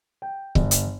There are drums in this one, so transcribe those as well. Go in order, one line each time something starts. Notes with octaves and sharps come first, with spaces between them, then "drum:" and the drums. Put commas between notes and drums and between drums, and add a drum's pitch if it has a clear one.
G5
G1, drum: kick C#1
drum: hi-hat